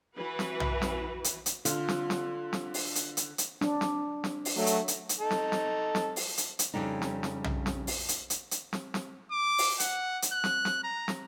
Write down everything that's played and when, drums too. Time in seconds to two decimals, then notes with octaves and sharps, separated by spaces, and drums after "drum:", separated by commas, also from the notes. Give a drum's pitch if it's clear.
0.15 E3 F#4 B4
0.39 drum: snare
0.60 drum: tom B1
0.82 drum: snare
1.24 drum: hi-hat
1.46 drum: hi-hat
1.65 D3 F4, drum: hi-hat
1.89 drum: snare
2.10 drum: snare
2.53 drum: snare
2.74 drum: open hi-hat
2.95 drum: hi-hat
3.17 drum: hi-hat
3.38 drum: hi-hat
3.61 D4, drum: snare
3.81 drum: snare
4.24 drum: snare
4.45 drum: open hi-hat
4.57 F#3 A3
4.66 drum: hi-hat
4.88 drum: hi-hat
5.09 drum: hi-hat
5.20 D#4 A4
5.31 drum: snare
5.52 drum: snare
5.95 drum: snare
6.16 drum: open hi-hat
6.37 drum: hi-hat
6.59 drum: hi-hat
6.74 F2 G#2 C#3 G3 D4 D#4
7.02 drum: snare
7.23 drum: snare
7.44 drum: tom B1
7.66 drum: snare
7.87 drum: open hi-hat
8.09 drum: hi-hat
8.30 drum: hi-hat
8.51 drum: hi-hat
8.73 drum: snare
8.94 drum: snare
9.31 D6
9.58 drum: open hi-hat
9.80 F#5, drum: hi-hat
10.22 drum: hi-hat
10.33 F#6
10.44 drum: snare
10.65 drum: snare
10.84 A#5
11.08 drum: snare